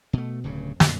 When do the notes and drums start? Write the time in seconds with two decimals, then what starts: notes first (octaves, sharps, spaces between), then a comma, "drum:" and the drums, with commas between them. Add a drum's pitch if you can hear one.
0.13 B2 A3
0.44 D1 G2 C#3
0.80 F2 A#2 D3 F#3, drum: snare